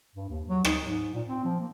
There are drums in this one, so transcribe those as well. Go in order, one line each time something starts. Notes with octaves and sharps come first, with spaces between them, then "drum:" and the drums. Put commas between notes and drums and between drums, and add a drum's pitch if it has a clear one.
G2
D#2
F#3
D#4, drum: rim click
G#2
A#2
C4
F3
A#3